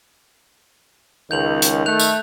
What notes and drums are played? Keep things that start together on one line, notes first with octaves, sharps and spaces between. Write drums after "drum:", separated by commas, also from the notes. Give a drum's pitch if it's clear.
C#2 D#3 G6 F7 F#7
drum: hi-hat
A3 F#6 G6 F7
drum: tambourine